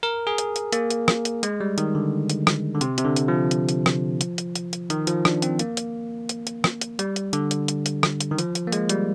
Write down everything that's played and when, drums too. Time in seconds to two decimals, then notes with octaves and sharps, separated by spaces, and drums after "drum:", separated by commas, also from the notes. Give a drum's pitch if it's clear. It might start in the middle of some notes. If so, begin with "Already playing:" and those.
0.03 A#4
0.27 G#4
0.38 drum: hi-hat
0.56 drum: hi-hat
0.72 A#3, drum: hi-hat
0.90 drum: hi-hat
1.08 drum: rim click
1.25 drum: hi-hat
1.43 G#3, drum: hi-hat
1.61 G3
1.78 D#3, drum: hi-hat
1.95 D3
2.30 drum: hi-hat
2.47 drum: rim click
2.74 D3
2.81 C3, drum: hi-hat
2.98 C3, drum: hi-hat
3.05 D3
3.16 drum: hi-hat
3.28 F3
3.51 drum: hi-hat
3.69 drum: hi-hat
3.86 drum: rim click
4.21 drum: hi-hat
4.38 drum: hi-hat
4.55 drum: hi-hat
4.73 drum: hi-hat
4.90 D#3, drum: hi-hat
5.07 F3, drum: hi-hat
5.25 D4, drum: rim click
5.42 C4, drum: hi-hat
5.59 A#3, drum: hi-hat
5.77 drum: hi-hat
6.29 drum: hi-hat
6.47 drum: hi-hat
6.64 drum: rim click
6.81 drum: hi-hat
6.99 G3, drum: hi-hat
7.16 drum: hi-hat
7.33 D3, drum: hi-hat
7.51 drum: hi-hat
7.68 drum: hi-hat
7.86 drum: hi-hat
8.03 drum: rim click
8.20 drum: hi-hat
8.31 D#3
8.38 F3, drum: hi-hat
8.55 drum: hi-hat
8.67 A#3
8.72 G#3, drum: hi-hat
8.89 G3, drum: hi-hat